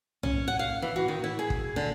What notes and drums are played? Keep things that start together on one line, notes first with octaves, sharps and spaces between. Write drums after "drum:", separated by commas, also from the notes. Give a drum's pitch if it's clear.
C#4, drum: tom
F#5
F5
E3
F#4
D#3
E4
G#4
drum: kick
D3